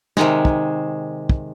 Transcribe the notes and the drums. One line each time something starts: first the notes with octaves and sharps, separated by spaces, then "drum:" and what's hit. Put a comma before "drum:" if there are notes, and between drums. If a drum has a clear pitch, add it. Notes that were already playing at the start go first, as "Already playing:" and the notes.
C3 D#3 G#3, drum: snare
drum: kick
drum: kick